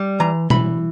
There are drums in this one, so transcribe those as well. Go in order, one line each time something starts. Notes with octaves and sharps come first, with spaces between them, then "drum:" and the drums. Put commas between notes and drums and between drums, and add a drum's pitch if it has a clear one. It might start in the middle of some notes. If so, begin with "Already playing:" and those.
Already playing: G3
E3 A#5
E3 B5, drum: tom B2